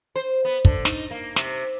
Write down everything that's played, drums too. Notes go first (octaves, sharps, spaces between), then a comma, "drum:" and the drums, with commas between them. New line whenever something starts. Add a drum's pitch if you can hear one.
C5
B3
D3, drum: kick
D#4, drum: snare
A#3
C3, drum: snare